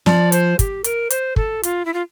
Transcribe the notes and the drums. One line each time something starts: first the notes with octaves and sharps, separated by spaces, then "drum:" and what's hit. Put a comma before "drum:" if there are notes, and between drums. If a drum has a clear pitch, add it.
F3 D5, drum: snare
C5, drum: hi-hat
G4, drum: kick, hi-hat
A#4, drum: hi-hat
C5, drum: hi-hat
A4, drum: kick
F4, drum: hi-hat
E4
F4